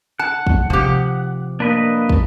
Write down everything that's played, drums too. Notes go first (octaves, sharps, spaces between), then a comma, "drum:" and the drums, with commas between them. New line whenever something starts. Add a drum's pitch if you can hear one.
F#5 A5
drum: kick
C3 F3 G4
A#3 D4 B4 D#5
drum: kick